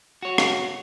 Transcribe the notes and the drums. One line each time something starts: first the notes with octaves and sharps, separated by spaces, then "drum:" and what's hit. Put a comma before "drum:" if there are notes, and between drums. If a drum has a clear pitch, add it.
F#4 C#5
drum: rim click